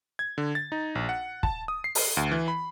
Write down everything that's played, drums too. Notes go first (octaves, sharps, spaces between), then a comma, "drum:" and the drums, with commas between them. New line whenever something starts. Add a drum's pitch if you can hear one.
G#6
D3
A6
D#4
A#1
F#5
A5, drum: kick
D#6
C7
drum: open hi-hat
D2
E3
B5